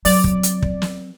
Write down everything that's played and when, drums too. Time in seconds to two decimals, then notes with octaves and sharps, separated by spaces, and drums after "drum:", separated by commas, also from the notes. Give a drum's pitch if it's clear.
0.05 F#3 C4 D5, drum: open hi-hat
0.24 drum: kick
0.43 drum: hi-hat
0.62 drum: kick
0.82 drum: snare